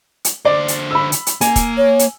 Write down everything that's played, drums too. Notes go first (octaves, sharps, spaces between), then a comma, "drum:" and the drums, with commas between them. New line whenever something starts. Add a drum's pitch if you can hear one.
drum: hi-hat
D3 C5 D5
drum: hi-hat
B5 E6
drum: hi-hat
drum: hi-hat
A#3 G#5, drum: hi-hat
drum: kick, hi-hat
C#5
drum: hi-hat